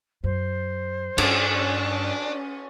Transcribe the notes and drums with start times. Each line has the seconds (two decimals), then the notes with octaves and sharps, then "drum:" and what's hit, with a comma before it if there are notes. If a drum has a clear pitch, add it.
0.24 F#2 C5
1.18 G2 C#4 D4, drum: cymbal